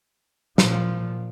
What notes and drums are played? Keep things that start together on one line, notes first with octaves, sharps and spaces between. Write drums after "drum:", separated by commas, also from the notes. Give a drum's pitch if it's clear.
A#2 F3, drum: snare